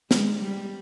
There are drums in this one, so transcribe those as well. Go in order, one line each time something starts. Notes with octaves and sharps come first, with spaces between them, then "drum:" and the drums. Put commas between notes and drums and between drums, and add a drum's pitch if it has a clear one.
G#3, drum: snare
G3